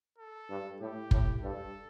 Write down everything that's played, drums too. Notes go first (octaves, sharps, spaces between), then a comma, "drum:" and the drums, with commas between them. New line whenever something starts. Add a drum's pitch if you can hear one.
A4
G2
A2 G4
A2, drum: kick
G2 A4